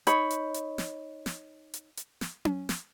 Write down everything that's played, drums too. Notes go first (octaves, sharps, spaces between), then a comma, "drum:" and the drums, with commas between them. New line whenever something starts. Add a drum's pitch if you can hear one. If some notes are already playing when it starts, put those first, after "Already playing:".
D#4 C#5 B5, drum: hi-hat
drum: hi-hat
drum: hi-hat
drum: snare
drum: snare
drum: hi-hat
drum: hi-hat
drum: snare
drum: tom C#4
drum: snare